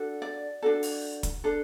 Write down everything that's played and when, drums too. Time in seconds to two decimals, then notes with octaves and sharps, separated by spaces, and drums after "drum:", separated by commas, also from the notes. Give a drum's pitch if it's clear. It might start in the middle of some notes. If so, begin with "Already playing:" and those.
Already playing: D4 F#4 A4
0.22 D5
0.63 D4 F#4 A4
0.83 drum: open hi-hat
1.23 drum: kick, hi-hat
1.44 D4 A4